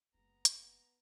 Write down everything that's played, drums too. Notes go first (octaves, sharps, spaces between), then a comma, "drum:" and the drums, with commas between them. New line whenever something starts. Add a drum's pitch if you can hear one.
F#1 G#3 B3 A#5
drum: hi-hat